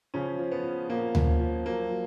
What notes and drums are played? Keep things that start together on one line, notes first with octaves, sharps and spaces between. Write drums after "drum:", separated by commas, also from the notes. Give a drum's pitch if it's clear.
C#3 F3 C#4
F3
B3
F3
A#2 A#3
F3, drum: tom D2
F3
F#3 A#3
F#3